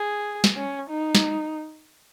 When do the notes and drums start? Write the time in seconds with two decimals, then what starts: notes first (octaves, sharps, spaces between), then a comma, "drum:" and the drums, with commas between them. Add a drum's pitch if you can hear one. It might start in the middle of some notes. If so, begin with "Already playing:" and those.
Already playing: G#4
0.44 drum: snare
0.57 C#4
0.89 D#4
1.15 drum: snare